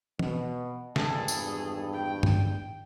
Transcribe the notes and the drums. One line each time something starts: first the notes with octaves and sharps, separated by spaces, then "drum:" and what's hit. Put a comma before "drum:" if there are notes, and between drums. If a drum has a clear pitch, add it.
B2, drum: tom E3
G#1 E2 G2 G#4 A4, drum: snare
drum: tambourine
G5
drum: tom G2